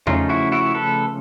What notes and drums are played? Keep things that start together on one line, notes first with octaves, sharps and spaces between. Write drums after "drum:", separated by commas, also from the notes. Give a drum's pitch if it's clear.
C#3 F3 A3 C#4 D#4 F4, drum: tom E2
E4 F#4
E4 F#4
A4 B4